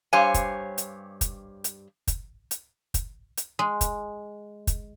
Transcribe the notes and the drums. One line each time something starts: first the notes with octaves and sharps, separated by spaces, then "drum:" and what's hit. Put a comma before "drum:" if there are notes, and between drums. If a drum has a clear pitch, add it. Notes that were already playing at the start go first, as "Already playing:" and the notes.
G2 G4 C5 C#5 F5 G#5
drum: kick, hi-hat
drum: hi-hat
drum: kick, hi-hat
drum: hi-hat
drum: kick, hi-hat
drum: hi-hat
drum: kick, hi-hat
drum: hi-hat
G#3
drum: kick, hi-hat
drum: kick, hi-hat